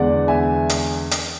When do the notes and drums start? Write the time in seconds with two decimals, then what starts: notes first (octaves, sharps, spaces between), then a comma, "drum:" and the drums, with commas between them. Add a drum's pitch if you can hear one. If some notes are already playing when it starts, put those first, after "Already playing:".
Already playing: E2 D3 G#3 B3 D5 F#5
0.28 E5 G#5
0.70 drum: hi-hat
1.11 drum: hi-hat